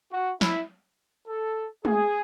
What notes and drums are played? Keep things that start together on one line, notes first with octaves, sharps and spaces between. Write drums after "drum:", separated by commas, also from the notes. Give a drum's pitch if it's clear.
F#4
E4, drum: snare
A4
G#4, drum: tom G#3